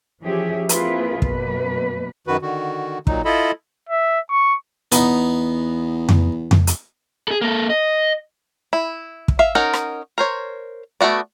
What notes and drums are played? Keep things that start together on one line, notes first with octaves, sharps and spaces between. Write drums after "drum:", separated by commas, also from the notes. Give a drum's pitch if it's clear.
E3 F3 C#4 G4 G#4 E5
A#3 C4 E4 F4 G#4 B4, drum: hi-hat
F#2 B2 A#3 B4, drum: kick
F#2 D#3 F#4 B4
D3 D#3 F#4
A#2 F#3 D#4, drum: kick
E4 F4 A4 D#5 B5
E5
C#6
E2 B3 D#4, drum: hi-hat
drum: tom F2
drum: tom F2
drum: hi-hat
G#4 A4
A#3 A4
D#5
E4
drum: kick
E5 F5
C#4 D#4 A#4 F#5
drum: rim click
A#4 C5 C#5
A3 B3 F#4 D5